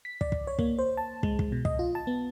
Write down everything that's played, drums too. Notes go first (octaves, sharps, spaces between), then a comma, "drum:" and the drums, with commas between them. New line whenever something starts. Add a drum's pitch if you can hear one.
B6
D5, drum: kick
drum: kick
C#5
A#3, drum: kick
C5
A5
G#3, drum: kick
drum: kick
B2
D#5, drum: kick
F4
A5
B3